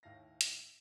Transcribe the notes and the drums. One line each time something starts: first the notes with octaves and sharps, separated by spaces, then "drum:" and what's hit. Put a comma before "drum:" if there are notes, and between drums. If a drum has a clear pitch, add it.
D#2 A2 E4 F5 A#6
drum: hi-hat